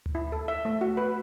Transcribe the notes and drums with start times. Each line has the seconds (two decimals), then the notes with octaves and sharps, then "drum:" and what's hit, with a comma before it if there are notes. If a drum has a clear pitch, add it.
0.06 drum: tom D2
0.15 E4
0.32 A4
0.48 E5
0.65 A3
0.81 F#4
0.97 B4